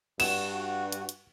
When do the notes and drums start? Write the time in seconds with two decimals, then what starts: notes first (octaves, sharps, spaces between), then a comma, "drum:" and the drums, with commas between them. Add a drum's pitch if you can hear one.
0.20 G2 F#4 E7, drum: cymbal
0.92 drum: hi-hat
1.09 drum: hi-hat